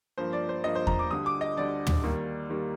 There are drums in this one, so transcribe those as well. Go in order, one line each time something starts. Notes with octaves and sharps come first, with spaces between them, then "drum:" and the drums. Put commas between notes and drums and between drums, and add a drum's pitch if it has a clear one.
G2 F3 A#3 C5
D5
C5
G2 F3 A#3 D#5
C5
A#5, drum: kick E2
D6
D2 D3 G3 D#6
D6
D#5
D2 D3 G3 D5
drum: tom
D#2 D#3 G3 A#3
D#3 G3 A#3